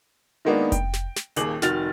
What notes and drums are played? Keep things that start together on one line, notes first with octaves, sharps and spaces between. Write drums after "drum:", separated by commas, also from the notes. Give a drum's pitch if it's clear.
D#3 G#3 A#3 B3 D4 D#4
G5, drum: kick F1, hi-hat
drum: snare
drum: snare
D#1 D#2 A#3 G#4 D6 F#7, drum: hi-hat
F1 D#3 F#4 F6 A6 F7, drum: snare